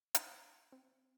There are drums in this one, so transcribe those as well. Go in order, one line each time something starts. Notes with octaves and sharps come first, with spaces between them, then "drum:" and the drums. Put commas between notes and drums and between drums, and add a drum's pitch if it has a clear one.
D#6, drum: hi-hat
C4